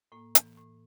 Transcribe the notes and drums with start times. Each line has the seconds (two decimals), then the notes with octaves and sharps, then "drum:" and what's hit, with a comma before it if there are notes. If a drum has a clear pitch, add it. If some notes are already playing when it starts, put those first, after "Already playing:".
0.12 A2 A#3
0.35 E3, drum: hi-hat
0.57 A2